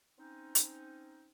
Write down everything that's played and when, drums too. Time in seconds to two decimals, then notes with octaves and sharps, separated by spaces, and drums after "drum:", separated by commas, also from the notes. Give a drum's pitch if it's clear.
0.19 C4 C#4 D#4
0.55 drum: hi-hat